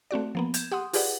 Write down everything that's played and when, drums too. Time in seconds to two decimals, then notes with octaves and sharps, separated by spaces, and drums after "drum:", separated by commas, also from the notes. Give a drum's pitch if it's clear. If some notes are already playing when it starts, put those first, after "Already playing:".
0.11 A3 C4 F#4 D5
0.35 F3 A#3 B3
0.54 G6 G#6 E7, drum: hi-hat
0.71 G4 F#5 C6 D#6
0.93 F4 G4 G#4 B4 D5 F#5, drum: open hi-hat